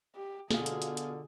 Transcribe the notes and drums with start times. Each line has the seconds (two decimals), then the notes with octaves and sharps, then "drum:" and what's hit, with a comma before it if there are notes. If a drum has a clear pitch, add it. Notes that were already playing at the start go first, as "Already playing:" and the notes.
0.16 G4
0.51 B2 D3 F4 G#4, drum: snare
0.66 drum: hi-hat
0.82 drum: hi-hat
0.97 drum: hi-hat